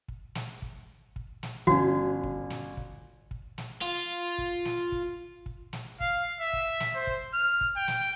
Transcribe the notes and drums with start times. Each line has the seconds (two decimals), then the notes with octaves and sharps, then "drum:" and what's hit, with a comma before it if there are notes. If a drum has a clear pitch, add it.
0.08 drum: kick
0.35 drum: snare
0.62 drum: kick
1.16 drum: kick
1.43 drum: snare
1.67 G1 C#4 F#4, drum: kick
2.23 drum: kick
2.50 drum: snare
2.77 drum: kick
3.31 drum: kick
3.58 drum: snare
3.81 F4
4.38 drum: kick
4.65 drum: snare
4.92 drum: kick
5.46 drum: kick
5.73 drum: snare
6.01 F5, drum: kick
6.40 E5
6.53 drum: kick
6.80 drum: snare
6.95 C5
7.07 drum: kick
7.34 F6
7.61 drum: kick
7.77 G5
7.88 drum: snare